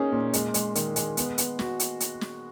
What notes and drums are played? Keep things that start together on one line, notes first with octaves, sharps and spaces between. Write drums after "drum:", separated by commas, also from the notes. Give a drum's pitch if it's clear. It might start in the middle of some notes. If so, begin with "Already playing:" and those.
Already playing: A#3 C#4 D#4 G#4
A#2
G#3, drum: hi-hat
G#3, drum: hi-hat
D#3, drum: hi-hat
G#3, drum: hi-hat
B3, drum: hi-hat
B3, drum: hi-hat
F#4, drum: snare
drum: hi-hat
drum: hi-hat
drum: snare